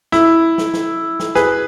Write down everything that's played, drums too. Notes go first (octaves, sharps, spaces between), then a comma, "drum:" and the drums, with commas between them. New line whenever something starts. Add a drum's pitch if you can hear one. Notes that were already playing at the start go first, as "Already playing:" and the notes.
E4, drum: snare
drum: snare
drum: snare
drum: snare
G#4 B4, drum: snare